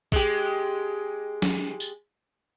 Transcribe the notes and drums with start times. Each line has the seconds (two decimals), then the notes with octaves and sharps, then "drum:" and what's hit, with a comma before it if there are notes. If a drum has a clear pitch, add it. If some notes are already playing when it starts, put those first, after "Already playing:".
0.12 G#3 G4, drum: kick A#1
1.42 drum: snare
1.80 drum: tambourine